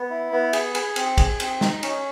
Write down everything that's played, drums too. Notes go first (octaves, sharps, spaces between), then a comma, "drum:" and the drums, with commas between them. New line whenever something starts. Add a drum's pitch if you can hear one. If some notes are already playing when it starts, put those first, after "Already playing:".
Already playing: B3
E4
B3
G#4, drum: cymbal
G#4, drum: cymbal
C4, drum: cymbal
G#4, drum: kick, cymbal
C4, drum: cymbal
D#4, drum: snare
C#4, drum: cymbal